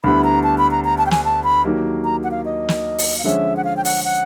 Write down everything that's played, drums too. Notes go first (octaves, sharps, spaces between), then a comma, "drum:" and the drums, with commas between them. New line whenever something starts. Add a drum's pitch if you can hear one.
D2 D3 G3 B3 E4 B5
A#5
A5
B5
A#5
A#5
A5
G5
G#5, drum: snare
A5
B5
D#3 F#3 A#3 D#4 G4
A#5
F#5
F5
D#5
drum: snare
drum: open hi-hat
F5
D3 F3 G#3 C#4 E5
F#5
F5
G5
F#5, drum: open hi-hat
F#5